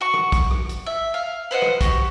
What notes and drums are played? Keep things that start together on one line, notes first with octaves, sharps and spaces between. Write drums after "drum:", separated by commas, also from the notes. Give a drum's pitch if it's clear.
F#4 C#6
drum: rim click
drum: kick, hi-hat
drum: rim click
drum: hi-hat
E5
F5
B4 C5 D#5 F#5
drum: rim click
F#4 G4, drum: kick, hi-hat